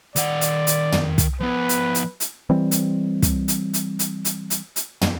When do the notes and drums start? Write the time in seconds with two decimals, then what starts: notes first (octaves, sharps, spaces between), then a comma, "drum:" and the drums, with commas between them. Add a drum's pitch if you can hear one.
0.16 D#3 D5 F#5, drum: hi-hat
0.41 drum: hi-hat
0.67 drum: hi-hat
0.92 drum: tom
1.18 drum: kick, hi-hat
1.40 F3 B3 B4
1.69 drum: hi-hat
1.95 drum: hi-hat
2.20 drum: hi-hat
2.50 E3 G3 C4
2.71 drum: hi-hat
3.22 drum: kick, hi-hat
3.48 drum: hi-hat
3.74 drum: hi-hat
3.99 drum: hi-hat
4.25 drum: hi-hat
4.50 drum: hi-hat
4.76 drum: hi-hat
5.01 drum: tom